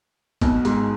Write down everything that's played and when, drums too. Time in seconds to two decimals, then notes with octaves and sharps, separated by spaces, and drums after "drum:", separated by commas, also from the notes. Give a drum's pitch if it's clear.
0.41 B1 B2, drum: kick G#1, hi-hat
0.65 G#2, drum: hi-hat